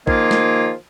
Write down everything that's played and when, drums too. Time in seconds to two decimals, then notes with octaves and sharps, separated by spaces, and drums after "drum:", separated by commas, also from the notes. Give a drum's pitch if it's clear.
0.07 D#3 F3 A#3 F4 G#4, drum: kick
0.31 drum: snare